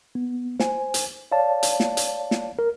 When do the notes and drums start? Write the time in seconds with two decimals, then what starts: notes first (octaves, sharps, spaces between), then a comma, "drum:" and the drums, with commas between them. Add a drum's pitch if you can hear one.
0.15 B3
0.60 C5 G#5, drum: snare
0.94 drum: hi-hat
1.32 C#5 D5 F5 A5
1.63 drum: hi-hat
1.80 drum: snare
1.97 drum: hi-hat
2.31 drum: snare
2.59 A#4